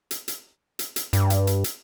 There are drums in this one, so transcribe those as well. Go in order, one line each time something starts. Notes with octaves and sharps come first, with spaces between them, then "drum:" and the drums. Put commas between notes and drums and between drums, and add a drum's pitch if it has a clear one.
drum: hi-hat
drum: hi-hat
drum: hi-hat
drum: hi-hat
G2, drum: hi-hat
drum: hi-hat
drum: hi-hat
drum: hi-hat